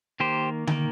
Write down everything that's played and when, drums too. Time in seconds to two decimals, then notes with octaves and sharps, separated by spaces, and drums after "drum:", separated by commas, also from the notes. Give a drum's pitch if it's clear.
0.20 D#3 A#3 G4 C5
0.67 D#3 A#3, drum: tom D3